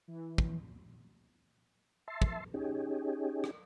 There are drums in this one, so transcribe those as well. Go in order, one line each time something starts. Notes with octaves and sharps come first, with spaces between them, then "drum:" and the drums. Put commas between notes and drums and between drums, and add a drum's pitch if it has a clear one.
E3
drum: kick
E5 A5 C6
drum: kick
C#4 D#4 G4 G#4
drum: rim click